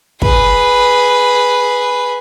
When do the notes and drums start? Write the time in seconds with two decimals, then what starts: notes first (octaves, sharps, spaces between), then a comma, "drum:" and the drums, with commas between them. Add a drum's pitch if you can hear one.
0.22 G#4 B4, drum: kick